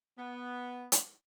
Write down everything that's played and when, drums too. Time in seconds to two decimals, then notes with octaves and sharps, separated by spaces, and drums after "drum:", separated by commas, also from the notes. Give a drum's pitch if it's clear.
0.18 B3
0.92 drum: hi-hat